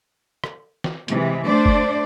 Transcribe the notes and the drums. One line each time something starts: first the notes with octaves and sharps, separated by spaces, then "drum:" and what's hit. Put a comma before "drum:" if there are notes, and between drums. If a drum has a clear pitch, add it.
drum: rim click
drum: snare
C3 E3 G#3, drum: hi-hat
A3 D4 C5 D5
drum: kick